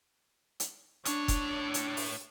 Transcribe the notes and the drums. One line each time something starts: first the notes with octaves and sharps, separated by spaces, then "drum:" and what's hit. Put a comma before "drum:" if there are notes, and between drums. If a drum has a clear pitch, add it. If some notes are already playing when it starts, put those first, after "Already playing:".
drum: hi-hat
A2 D4 C#5, drum: hi-hat
drum: kick F1, hi-hat
drum: hi-hat
drum: open hi-hat